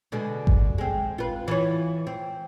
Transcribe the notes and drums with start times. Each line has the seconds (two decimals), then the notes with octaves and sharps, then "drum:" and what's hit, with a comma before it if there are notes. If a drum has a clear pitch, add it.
0.12 B2 D3 G#3
0.47 drum: kick G#1
0.78 G#3 C4
1.18 F4 B4
1.48 E3 F4 C#5
2.07 C4